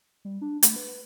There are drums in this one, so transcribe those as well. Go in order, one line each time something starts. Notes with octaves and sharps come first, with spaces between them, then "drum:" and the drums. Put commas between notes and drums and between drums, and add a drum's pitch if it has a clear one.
G3
D4
A3, drum: hi-hat
B4